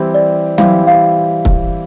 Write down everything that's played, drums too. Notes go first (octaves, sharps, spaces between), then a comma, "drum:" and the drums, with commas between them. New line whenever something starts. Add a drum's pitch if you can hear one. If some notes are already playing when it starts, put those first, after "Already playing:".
Already playing: E3 G3 C4 E4 G4
D5
E3 G3 C4 E4 G4 F5, drum: tom F#3
F5
drum: kick